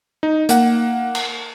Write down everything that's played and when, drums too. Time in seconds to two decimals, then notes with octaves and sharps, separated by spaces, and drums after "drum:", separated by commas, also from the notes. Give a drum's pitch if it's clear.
0.23 D#4
0.49 A#3 F#5, drum: hi-hat
1.15 drum: cymbal